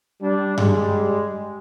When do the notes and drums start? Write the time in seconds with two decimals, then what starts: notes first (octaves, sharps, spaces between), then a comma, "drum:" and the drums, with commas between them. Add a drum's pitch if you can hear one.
0.21 G3 D4
0.58 G3 G#3, drum: tom G2